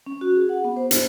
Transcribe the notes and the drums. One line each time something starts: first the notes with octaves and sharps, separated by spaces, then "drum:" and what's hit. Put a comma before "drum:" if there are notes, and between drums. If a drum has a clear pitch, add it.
C#4
F#4
G#4
F#5
B3
C5
D4, drum: hi-hat